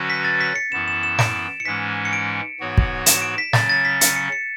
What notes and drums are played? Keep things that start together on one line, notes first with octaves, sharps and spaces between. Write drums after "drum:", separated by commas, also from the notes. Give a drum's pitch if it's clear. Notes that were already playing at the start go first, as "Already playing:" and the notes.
Already playing: D3 F#3 C#4 F#4 B4
B6
A6
B6
C#7
F#2 E3 B3 E4 E7
E7
E7
D7, drum: snare
C#7
G#2 E3 G#3 C#4 B6
C#7
D7
G#2 E3 B3 F#4 C#5
drum: kick
E7, drum: hi-hat
D7
B6
C#3 F#3 C#4 A6, drum: snare
A6
B6
C#7, drum: hi-hat
C#7
C#7